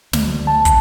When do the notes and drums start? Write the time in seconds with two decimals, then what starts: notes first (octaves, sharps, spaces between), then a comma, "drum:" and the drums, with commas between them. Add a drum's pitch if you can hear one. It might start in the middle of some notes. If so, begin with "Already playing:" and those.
0.13 D2, drum: snare
0.47 A5
0.65 drum: kick, hi-hat